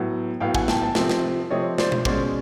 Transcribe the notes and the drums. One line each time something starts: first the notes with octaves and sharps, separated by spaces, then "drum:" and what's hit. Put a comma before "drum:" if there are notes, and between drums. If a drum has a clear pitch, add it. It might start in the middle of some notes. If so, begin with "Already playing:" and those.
Already playing: A2 F#3 B3
A2 F#3 B3 F5 G5
F#5 G#5, drum: kick
G5 A5, drum: snare
G5 A5
C3 F3 A3 C4, drum: snare
drum: snare
C3 F3 A3 C4 C#5 D#5
C5 D5, drum: snare
drum: tom B2
B2 G#3 C#4 C5 D5, drum: kick